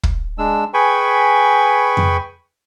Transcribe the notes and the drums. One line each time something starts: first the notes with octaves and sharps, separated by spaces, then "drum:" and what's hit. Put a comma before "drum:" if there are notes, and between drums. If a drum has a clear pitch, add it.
drum: kick
G#3 D4 E6
G#4 B4 G5 G#5 B5 C#6
drum: tom F2